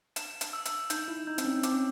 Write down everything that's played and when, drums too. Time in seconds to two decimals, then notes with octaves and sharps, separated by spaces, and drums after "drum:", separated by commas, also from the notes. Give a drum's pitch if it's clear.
0.16 E7, drum: hi-hat
0.41 drum: hi-hat
0.53 E6
0.65 drum: hi-hat
0.90 D#4 G6, drum: hi-hat
1.08 E4
1.27 D#4 G6
1.38 C4, drum: hi-hat
1.45 C#4
1.63 C4 D6, drum: hi-hat
1.73 C#4